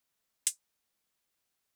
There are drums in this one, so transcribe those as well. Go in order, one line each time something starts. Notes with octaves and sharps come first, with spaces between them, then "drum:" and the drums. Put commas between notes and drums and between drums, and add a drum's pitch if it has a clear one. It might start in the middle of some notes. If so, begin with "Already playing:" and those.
G2 A4 E5
drum: hi-hat